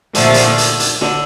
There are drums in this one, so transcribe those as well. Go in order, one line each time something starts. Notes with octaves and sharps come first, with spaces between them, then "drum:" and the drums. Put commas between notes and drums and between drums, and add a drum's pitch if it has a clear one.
A#2 D3 F3 A3, drum: hi-hat
C3
D3, drum: hi-hat
drum: hi-hat
drum: hi-hat
D3, drum: snare